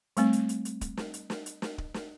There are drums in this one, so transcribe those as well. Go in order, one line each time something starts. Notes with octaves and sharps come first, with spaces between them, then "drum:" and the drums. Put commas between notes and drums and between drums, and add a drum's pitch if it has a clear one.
G3 A3 C4, drum: hi-hat
drum: hi-hat
drum: hi-hat
drum: hi-hat
drum: kick D1, hi-hat
drum: snare
drum: hi-hat
drum: snare
drum: hi-hat
drum: snare
drum: kick D1
drum: snare